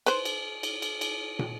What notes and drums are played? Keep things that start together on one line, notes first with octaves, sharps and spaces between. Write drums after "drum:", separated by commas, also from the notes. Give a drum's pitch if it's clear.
B4 C5, drum: cymbal
drum: cymbal
drum: cymbal
drum: cymbal
drum: cymbal
drum: tom